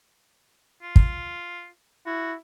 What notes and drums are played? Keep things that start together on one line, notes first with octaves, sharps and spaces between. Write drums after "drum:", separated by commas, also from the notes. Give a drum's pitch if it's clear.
F4
drum: kick
E4 F#4